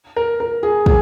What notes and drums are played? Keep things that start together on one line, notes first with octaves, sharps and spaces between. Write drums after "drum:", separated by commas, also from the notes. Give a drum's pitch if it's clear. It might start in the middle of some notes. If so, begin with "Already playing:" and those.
A#4
A#4
G#4
G#4, drum: kick